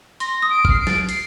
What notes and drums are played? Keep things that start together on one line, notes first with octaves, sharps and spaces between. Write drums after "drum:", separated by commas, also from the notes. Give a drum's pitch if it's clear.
C6 A#6, drum: hi-hat
D#6
D7
F6, drum: kick G#1
C7
D7
A6, drum: snare
C7, drum: hi-hat